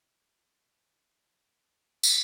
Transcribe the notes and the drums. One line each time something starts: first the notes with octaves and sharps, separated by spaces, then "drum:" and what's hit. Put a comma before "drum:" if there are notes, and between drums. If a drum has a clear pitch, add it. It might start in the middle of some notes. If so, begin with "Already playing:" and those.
Already playing: E4
C#4
D4
E4
D4
drum: tambourine